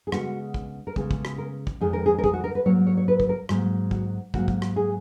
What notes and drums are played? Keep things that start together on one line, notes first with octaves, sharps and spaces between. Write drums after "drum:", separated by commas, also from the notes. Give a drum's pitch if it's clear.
G#4
C#3 G#3 B3 F#4, drum: rim click
drum: kick
A#4
C#3 G#3 B3 G#4, drum: kick
drum: kick
drum: rim click
A#4
drum: kick
F2 D#3 G#3 G#4
A#4
G#4
A#4
G#4, drum: kick
F#4
A#4
B4
G#2 F#3 A#3 C#5
C#5
C#5
B4
B4, drum: kick
A#4
G#2 F#3 A#3, drum: rim click
F#4, drum: kick
G#2 F#3 A#3 F#4, drum: kick
drum: kick
drum: rim click
G#4